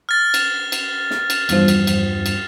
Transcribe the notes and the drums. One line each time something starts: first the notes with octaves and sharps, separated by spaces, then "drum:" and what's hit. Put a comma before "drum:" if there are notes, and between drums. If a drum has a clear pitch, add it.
F6 A6
drum: cymbal
drum: cymbal
drum: snare
drum: cymbal
E2 G2 F3, drum: cymbal
drum: cymbal
drum: cymbal
drum: cymbal